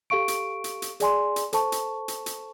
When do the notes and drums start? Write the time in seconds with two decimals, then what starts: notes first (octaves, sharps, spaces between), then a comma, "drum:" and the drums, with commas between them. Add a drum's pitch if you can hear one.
0.10 G4 A4 F5 C#6 D7
0.28 drum: hi-hat
0.64 drum: hi-hat
0.82 drum: hi-hat
1.00 G#4 D5 G#5 C6, drum: hi-hat
1.36 drum: hi-hat
1.53 A4 C5 A5 C#6, drum: hi-hat
1.72 drum: hi-hat
2.08 drum: hi-hat
2.26 drum: hi-hat